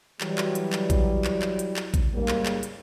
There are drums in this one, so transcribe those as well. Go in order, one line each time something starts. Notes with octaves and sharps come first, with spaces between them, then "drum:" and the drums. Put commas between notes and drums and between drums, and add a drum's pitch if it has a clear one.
E3 F#3 G3, drum: clap
drum: clap
drum: hi-hat
drum: clap
drum: kick A1, hi-hat
drum: clap
drum: clap
drum: hi-hat
drum: clap
drum: kick A1, hi-hat
G#2 C#3 G3 A#3
drum: clap
drum: clap
drum: hi-hat